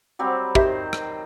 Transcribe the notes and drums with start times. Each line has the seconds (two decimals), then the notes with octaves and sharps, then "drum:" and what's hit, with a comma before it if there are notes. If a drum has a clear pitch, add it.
0.19 F#3 G3 C4
0.55 D#3 G4 C5 E5, drum: kick
0.93 drum: rim click